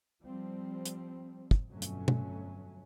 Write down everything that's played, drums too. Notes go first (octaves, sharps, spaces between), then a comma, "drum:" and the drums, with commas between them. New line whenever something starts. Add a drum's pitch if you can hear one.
F3 G3 C4
drum: hi-hat
drum: kick
G1 F2 B2 F#3 A3 C#4
drum: hi-hat
drum: tom B2